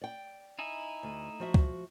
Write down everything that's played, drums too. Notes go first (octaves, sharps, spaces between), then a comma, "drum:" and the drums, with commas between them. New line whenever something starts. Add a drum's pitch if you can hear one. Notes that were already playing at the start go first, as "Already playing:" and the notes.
D5 G5
D#4 E4 G#5
D2
F3 F#4 E5
drum: kick